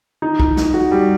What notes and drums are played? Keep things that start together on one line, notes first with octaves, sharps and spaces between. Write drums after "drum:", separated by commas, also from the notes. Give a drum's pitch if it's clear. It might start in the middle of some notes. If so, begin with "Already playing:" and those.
D#4
D#4, drum: kick
D#4, drum: snare
F#4
G3